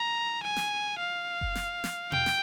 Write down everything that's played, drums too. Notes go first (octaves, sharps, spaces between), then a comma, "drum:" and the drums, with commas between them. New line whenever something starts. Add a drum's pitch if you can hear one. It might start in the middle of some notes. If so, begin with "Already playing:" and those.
Already playing: A#5
G#5
drum: snare
F5
drum: kick F#1
drum: snare
drum: snare
G5, drum: tom B2
drum: snare